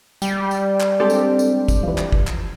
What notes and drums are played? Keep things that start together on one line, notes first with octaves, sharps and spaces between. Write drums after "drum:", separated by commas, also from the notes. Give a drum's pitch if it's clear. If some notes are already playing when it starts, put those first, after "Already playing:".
G3 G5, drum: tambourine
drum: tambourine
drum: clap
G#3 C4 D4 G4 A4 D5
drum: tambourine
drum: tambourine
drum: kick, tambourine
E3 F3
drum: clap
drum: kick
drum: clap